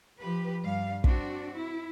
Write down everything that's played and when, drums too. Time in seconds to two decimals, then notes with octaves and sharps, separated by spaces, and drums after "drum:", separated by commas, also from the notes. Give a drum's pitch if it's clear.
0.20 F3 G4 B4
0.64 G2 G3 F5
1.04 C4 D4 F#4, drum: kick
1.55 E4